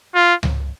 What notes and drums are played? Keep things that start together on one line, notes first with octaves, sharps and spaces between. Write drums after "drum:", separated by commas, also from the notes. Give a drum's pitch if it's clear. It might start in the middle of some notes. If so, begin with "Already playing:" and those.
F4
drum: tom C#2